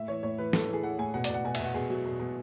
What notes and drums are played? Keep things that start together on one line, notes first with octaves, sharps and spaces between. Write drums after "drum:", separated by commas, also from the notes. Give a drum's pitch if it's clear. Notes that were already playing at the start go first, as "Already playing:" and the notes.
Already playing: A2 E5
E3 C#5
A2 C#5
E3 B4
A2 A4, drum: snare
E3 G#4
E3 F#5
A2 G#5
B2 F#5
D5, drum: hi-hat
B2 F#5
B2 G#5
E5, drum: cymbal
B2 F#5
B2 G#4
F#3 F#4
B2
B2